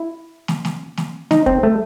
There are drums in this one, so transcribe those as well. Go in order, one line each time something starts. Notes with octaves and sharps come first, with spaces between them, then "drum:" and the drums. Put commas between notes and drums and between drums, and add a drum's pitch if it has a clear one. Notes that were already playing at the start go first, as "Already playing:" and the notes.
Already playing: E4
drum: snare
drum: snare
drum: snare
D#4, drum: snare
C4, drum: kick
A3